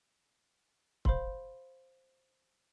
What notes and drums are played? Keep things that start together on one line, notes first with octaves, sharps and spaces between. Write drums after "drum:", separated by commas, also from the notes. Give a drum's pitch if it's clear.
C5 F5 B5 C6, drum: kick